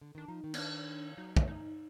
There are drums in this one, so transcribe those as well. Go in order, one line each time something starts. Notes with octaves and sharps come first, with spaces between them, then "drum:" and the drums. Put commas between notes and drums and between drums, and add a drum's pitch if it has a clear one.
D3
D#3 D4
F3 D#4
D#3
B3, drum: cymbal
D4
F#3 D#4
drum: kick
D#4